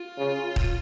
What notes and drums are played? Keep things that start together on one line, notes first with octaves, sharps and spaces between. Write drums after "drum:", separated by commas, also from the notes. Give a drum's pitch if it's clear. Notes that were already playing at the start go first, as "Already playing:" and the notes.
Already playing: F4
C#3
drum: kick D#1